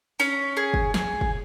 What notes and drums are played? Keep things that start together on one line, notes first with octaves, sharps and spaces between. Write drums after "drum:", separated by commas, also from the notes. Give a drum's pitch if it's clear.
C#4, drum: open hi-hat
G#4
drum: kick
G#4, drum: snare
drum: kick